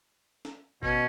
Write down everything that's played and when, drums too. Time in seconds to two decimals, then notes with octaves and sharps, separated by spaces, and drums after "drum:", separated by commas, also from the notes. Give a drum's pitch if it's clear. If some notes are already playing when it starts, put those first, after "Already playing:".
0.45 drum: snare
0.83 B2 C#4, drum: kick G1